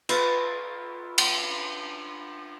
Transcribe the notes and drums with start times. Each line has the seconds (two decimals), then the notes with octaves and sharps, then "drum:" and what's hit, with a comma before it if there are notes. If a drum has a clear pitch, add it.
0.09 F4 B4 E5 F5, drum: cymbal
1.18 drum: cymbal